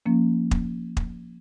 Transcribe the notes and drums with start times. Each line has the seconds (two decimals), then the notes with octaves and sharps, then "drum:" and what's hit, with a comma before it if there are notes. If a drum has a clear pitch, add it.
0.06 F3 A#3 C#4
0.51 drum: kick
0.97 drum: kick